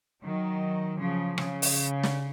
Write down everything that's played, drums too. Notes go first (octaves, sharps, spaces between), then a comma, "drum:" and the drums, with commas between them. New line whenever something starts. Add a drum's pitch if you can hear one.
D#3 F#3
C#3 F3
C#3, drum: rim click
drum: open hi-hat
drum: snare